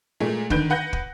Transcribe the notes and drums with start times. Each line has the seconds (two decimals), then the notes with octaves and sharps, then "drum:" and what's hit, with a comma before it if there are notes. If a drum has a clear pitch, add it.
0.20 A#2 G#3 A3
0.50 D3 D#3 B4 G6 D7, drum: kick
0.70 B4 F#5 F#6 G6 A#6
0.93 drum: kick